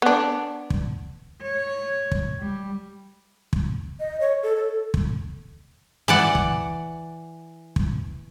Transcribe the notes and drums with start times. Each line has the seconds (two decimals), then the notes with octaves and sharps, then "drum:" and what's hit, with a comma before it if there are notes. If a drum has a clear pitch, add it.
0.02 B3 D4
0.70 drum: kick
1.43 C#5
2.12 drum: kick
2.39 G3
3.53 drum: kick
4.00 D#5
4.20 C#5
4.43 A4
4.56 A4
4.94 drum: kick
6.08 E3 D5 F#5
6.35 drum: kick
7.76 drum: kick